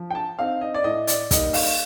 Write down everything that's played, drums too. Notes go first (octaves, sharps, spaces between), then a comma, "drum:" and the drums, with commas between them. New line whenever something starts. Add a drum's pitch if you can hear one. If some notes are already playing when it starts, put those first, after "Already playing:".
Already playing: F3
G5
A5
C4 D#4 F5
D#5
D5
A2 D#5
D5, drum: hi-hat
G3 A#3 D#4 D#5, drum: kick, hi-hat
F5, drum: open hi-hat